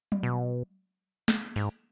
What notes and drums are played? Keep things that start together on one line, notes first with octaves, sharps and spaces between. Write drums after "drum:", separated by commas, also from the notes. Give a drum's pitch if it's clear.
drum: tom F#3
B2
drum: snare
G#2, drum: open hi-hat